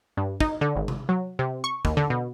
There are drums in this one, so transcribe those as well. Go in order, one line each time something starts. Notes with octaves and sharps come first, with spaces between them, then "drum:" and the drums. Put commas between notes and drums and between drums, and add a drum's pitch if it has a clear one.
G2
D#4, drum: kick
D3
G#1
drum: tom C3
F#3
C3
C#6
D#2, drum: kick
D3
B2